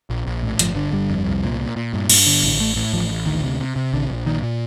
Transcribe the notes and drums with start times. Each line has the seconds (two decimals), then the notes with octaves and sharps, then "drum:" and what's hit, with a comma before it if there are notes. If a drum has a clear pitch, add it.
0.10 A#1
0.27 A#1
0.43 A2
0.59 G1 F3, drum: hi-hat
0.76 D3
0.93 G1 G3
1.10 F2
1.27 C2
1.43 A#2
1.60 A#2
1.76 A#2
1.94 G2
2.09 G2, drum: cymbal
2.26 D3
2.43 A1
2.60 A2 A3
2.76 A2
2.93 A1 F3
3.10 A1
3.26 D2 D#3
3.44 C3
3.60 C3
3.76 C3
3.93 A#1 D3
4.10 A#1
4.26 A#2 D#3
4.43 A#2